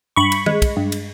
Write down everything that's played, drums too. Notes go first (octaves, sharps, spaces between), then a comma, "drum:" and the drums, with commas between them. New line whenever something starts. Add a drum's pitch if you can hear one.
G2 B5 C#6
drum: cymbal
G#3, drum: tom
drum: kick, cymbal
G2
drum: cymbal